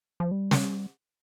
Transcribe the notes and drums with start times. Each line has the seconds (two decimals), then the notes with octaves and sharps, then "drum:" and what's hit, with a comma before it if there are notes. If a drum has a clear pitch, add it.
0.20 F3
0.31 G3
0.51 drum: snare